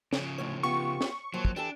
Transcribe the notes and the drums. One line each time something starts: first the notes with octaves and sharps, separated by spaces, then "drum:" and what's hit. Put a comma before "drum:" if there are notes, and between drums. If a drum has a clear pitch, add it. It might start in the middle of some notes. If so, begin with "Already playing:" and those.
C#3 F3, drum: snare
D2 A2 C#5
B3 F4 G4 C#6
drum: snare
D#2 F3 F#3
drum: kick
E3 D4 G4 A4